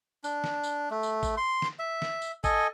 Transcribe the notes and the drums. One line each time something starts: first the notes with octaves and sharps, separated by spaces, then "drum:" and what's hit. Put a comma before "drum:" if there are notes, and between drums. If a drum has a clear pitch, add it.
D4, drum: tambourine
drum: snare
drum: tambourine
A3
drum: tambourine
drum: kick G#1, tambourine
C6
drum: snare
E5
drum: snare
drum: tambourine
A4 D#5 G#5, drum: kick G#1, tambourine